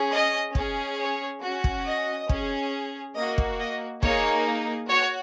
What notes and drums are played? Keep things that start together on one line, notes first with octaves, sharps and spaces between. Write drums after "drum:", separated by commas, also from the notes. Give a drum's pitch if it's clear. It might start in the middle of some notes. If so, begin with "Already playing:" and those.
Already playing: C#4 G#4
D#5
C#4 G#4, drum: kick
C#5
C#4 F#4
drum: kick
D#5
C#4 G#4, drum: kick
A#3 F#4 D#5
drum: kick
D#5
A#3 D#4 G#4 C#5, drum: kick
F#4 C#5